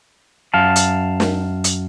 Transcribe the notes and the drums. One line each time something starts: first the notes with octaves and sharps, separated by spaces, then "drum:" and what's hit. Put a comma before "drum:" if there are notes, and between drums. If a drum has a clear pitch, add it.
F#2 F5 A5
drum: hi-hat
drum: snare
drum: hi-hat